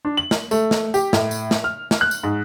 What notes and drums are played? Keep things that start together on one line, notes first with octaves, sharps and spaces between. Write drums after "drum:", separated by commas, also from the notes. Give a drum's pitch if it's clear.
D4
F#7
drum: snare
A3, drum: tambourine
drum: snare
G4, drum: tambourine
A2, drum: snare
drum: tambourine
drum: snare
F6
drum: snare
F#6
drum: tambourine
G#2